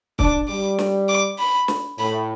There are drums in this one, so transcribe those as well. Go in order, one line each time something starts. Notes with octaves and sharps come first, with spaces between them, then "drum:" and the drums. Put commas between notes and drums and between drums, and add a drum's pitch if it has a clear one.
D4 D6, drum: kick
G3 D6
drum: snare
D6
B5
drum: snare
A2 B5